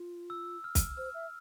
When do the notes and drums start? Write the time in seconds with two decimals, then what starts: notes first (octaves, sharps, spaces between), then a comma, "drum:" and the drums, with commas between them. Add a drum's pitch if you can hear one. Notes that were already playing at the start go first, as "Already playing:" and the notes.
Already playing: F4
0.30 E6
0.64 F6
0.75 drum: kick, hi-hat
0.97 C5 F6
1.14 E5